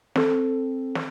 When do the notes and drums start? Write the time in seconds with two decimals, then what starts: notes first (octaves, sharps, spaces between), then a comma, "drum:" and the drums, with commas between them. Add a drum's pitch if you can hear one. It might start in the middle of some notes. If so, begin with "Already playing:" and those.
0.16 C4 A4, drum: snare
0.95 drum: snare